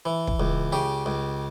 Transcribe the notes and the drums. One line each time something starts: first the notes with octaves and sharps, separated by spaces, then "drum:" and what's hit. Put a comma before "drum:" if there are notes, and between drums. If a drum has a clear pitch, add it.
E3
drum: kick
C#2
C#3 G4
C#2